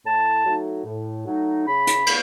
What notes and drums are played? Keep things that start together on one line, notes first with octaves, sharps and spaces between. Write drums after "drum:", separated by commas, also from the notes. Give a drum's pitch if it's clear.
A2 A5
F#3 A3 D#4
A2
F#3 A3 D#4
C#3 B5
drum: hi-hat
B3, drum: cymbal